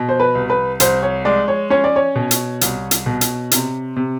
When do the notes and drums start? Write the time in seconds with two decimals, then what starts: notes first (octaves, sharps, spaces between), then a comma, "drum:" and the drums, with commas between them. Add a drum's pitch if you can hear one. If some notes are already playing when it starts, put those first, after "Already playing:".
Already playing: B2
0.09 C5
0.20 B4
0.35 C2
0.50 B4
0.80 C2 C5, drum: hi-hat
1.03 C#5
1.25 G#3 D5
1.48 C#5
1.70 C#4 C#5
1.84 D5
1.96 C#5
2.15 B2
2.31 drum: hi-hat
2.61 C2, drum: hi-hat
2.91 drum: hi-hat
3.06 B2
3.21 drum: hi-hat
3.51 C3, drum: hi-hat
3.97 C3